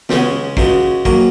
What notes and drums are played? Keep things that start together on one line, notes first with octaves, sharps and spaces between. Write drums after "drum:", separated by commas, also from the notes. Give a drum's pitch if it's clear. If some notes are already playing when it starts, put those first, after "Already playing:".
C#2 C#3 G#3 C#4 G#4, drum: snare
C#2 C#3 G#3 D#4 F#4, drum: kick
F#3 A#3 F#4 D#5, drum: kick